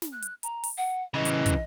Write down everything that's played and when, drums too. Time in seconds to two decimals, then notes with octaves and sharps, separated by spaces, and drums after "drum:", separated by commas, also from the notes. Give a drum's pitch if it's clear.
0.02 drum: snare
0.12 F#6
0.22 drum: hi-hat
0.43 A#5, drum: hi-hat
0.64 drum: open hi-hat
0.77 F#5
1.14 C#3 E3 D#5
1.25 drum: hi-hat
1.46 drum: kick, hi-hat